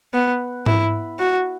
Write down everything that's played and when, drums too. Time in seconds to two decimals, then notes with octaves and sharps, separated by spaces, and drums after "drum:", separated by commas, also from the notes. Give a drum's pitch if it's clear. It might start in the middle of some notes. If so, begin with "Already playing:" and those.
0.14 B3
0.66 E4, drum: tom G#2
1.19 F#4